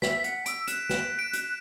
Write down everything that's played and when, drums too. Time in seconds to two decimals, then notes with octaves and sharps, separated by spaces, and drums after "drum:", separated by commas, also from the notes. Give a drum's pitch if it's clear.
0.02 E5 B6, drum: snare
0.24 F#5, drum: hi-hat
0.46 E6 D7, drum: hi-hat
0.67 F#6 E7, drum: hi-hat
0.89 E7, drum: snare
1.19 D7
1.33 drum: hi-hat